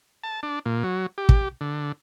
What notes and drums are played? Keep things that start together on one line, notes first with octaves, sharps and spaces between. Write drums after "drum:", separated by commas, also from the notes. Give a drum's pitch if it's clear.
A5
D4
A#2
F#3
G4
drum: kick
D3